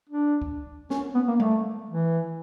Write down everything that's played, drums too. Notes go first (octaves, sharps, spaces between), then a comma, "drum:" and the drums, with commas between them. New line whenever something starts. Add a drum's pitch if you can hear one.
D4
drum: kick
C#4, drum: snare
B3
A#3
A3, drum: tom G3
E3